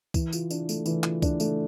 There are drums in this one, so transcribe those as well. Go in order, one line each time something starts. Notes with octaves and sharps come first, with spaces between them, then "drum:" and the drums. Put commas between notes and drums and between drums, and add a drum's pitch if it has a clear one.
E3, drum: kick C#2, tambourine
F4, drum: tambourine
D4, drum: tambourine
A3, drum: tambourine
E3, drum: tambourine
F4, drum: clap
D4, drum: kick C#2, tambourine
A3, drum: tambourine